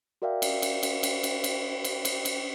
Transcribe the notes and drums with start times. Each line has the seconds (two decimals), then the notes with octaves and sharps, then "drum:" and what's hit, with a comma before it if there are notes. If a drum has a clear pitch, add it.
0.22 F#4 A#4 D5 E5 F5 G5
0.42 drum: cymbal
0.62 drum: cymbal
0.83 drum: cymbal
1.03 drum: cymbal
1.23 drum: cymbal
1.44 drum: cymbal
1.84 drum: cymbal
2.05 drum: cymbal
2.25 drum: cymbal